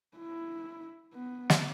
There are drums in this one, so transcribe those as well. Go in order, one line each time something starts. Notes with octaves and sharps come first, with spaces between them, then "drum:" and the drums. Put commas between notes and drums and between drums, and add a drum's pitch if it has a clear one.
E4
B3
drum: snare